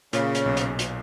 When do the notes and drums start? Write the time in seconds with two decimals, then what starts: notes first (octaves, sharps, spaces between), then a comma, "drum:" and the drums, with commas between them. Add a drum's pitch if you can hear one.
0.13 A#2 C#3, drum: hi-hat
0.35 drum: hi-hat
0.46 B1
0.57 drum: hi-hat
0.79 drum: hi-hat